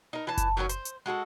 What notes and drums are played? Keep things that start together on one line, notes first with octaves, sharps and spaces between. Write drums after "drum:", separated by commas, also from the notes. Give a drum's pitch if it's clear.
D#4 A#4
E3 A5
drum: kick F#1, hi-hat
D#3 F#3 C#4 A#4
C5, drum: hi-hat
drum: hi-hat
G#3 F#4 G#4 A4